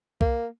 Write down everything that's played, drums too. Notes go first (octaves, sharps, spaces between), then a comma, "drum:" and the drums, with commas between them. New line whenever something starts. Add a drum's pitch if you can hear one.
A#3, drum: kick C2